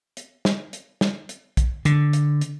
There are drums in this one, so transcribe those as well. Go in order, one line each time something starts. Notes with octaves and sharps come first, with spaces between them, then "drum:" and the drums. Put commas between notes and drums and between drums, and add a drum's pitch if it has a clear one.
drum: hi-hat
drum: snare
drum: hi-hat
drum: snare
drum: hi-hat
drum: kick, hi-hat
D3, drum: hi-hat
drum: hi-hat
drum: hi-hat